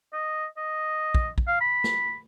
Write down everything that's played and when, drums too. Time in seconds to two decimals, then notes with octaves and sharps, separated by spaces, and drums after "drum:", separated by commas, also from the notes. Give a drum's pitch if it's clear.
0.13 D#5
0.57 D#5
1.15 drum: kick
1.38 drum: kick
1.47 F5
1.61 B5
1.84 drum: snare